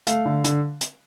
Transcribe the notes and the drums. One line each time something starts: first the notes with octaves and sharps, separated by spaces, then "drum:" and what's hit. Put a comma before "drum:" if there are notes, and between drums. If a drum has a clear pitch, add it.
A3 F5, drum: hi-hat
D3
D3, drum: hi-hat
drum: hi-hat